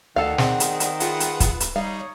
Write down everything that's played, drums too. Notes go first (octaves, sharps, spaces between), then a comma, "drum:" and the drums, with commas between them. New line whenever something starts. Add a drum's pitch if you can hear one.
D2 D#3 A4 D5 F5 F#5
C4 G#4, drum: snare
drum: hi-hat
drum: hi-hat
F4 G#4 B4 F#5, drum: hi-hat
drum: hi-hat
drum: kick, hi-hat
drum: hi-hat
G3 D#4 C#5 F5